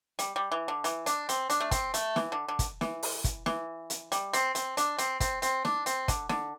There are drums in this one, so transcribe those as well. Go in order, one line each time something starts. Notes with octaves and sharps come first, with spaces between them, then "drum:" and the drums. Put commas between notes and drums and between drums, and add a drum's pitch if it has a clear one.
G3, drum: hi-hat
G3
E3
D3
E3, drum: hi-hat
D4, drum: hi-hat
C4, drum: hi-hat
D4, drum: hi-hat
A3
C4, drum: kick, hi-hat
A3, drum: hi-hat
E3, drum: snare
D3
D3
drum: kick, hi-hat
E3, drum: snare
drum: open hi-hat
drum: kick, hi-hat
E3, drum: snare
drum: hi-hat
G3, drum: hi-hat
C4, drum: hi-hat
C4, drum: hi-hat
D4, drum: hi-hat
C4, drum: hi-hat
C4, drum: kick, hi-hat
C4, drum: hi-hat
D4, drum: snare
C4, drum: hi-hat
D3, drum: kick, hi-hat
D3, drum: snare